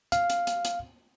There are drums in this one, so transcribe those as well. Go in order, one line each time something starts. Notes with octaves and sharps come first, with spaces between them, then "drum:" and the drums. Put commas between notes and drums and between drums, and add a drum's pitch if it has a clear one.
F5, drum: hi-hat
drum: hi-hat
drum: hi-hat
drum: hi-hat